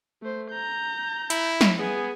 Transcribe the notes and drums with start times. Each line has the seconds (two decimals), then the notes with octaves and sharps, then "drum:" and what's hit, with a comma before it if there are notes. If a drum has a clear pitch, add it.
0.22 A3 C5
0.51 A#5 G6
1.30 E4, drum: hi-hat
1.61 drum: snare
1.79 B3 G#4 G#5